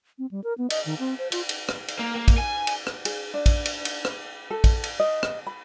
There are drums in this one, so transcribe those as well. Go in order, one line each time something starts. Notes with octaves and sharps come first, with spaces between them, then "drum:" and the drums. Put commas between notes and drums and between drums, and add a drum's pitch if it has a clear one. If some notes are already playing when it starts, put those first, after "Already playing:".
C4
G3
A#4
B3
D#5, drum: cymbal
D#3
C4
C5
F4, drum: cymbal
drum: cymbal
drum: rim click
drum: cymbal
A#3
A#3
drum: kick, cymbal
G#5
drum: cymbal
drum: rim click
G#4, drum: cymbal
D4
drum: kick, cymbal
drum: cymbal
drum: cymbal
drum: rim click
A4
drum: kick, cymbal
drum: cymbal
D#5
drum: rim click
B5